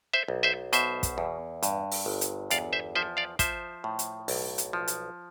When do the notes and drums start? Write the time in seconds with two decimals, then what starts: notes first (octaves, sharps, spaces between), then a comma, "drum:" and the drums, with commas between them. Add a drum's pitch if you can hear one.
0.14 C5 E5
0.28 B1
0.43 C5 E5
0.73 B2 C5 E5, drum: hi-hat
1.03 drum: kick, hi-hat
1.18 E2
1.63 G2, drum: hi-hat
1.92 drum: open hi-hat
2.06 G1
2.21 drum: hi-hat
2.50 E2 D5 F5, drum: hi-hat
2.73 C5 E5
2.95 F3 C5 E5
3.17 D5 F5
3.39 F3 C5 E5, drum: kick, hi-hat
3.84 A2
3.99 drum: hi-hat
4.28 B1, drum: open hi-hat
4.58 drum: hi-hat
4.73 F3
4.88 drum: hi-hat